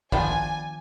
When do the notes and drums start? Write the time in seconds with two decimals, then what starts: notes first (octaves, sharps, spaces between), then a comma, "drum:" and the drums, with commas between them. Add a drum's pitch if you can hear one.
0.12 D#3 F3 B3 D4 G5 G#5, drum: kick